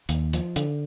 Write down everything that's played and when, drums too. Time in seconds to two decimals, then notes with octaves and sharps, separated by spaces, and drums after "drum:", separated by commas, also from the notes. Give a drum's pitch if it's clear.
0.09 D#2, drum: hi-hat
0.33 F3, drum: hi-hat
0.56 D3, drum: hi-hat